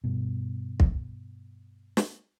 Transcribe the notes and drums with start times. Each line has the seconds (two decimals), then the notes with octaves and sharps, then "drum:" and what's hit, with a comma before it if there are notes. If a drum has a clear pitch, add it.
0.04 G2 B2
0.80 drum: kick
1.97 drum: snare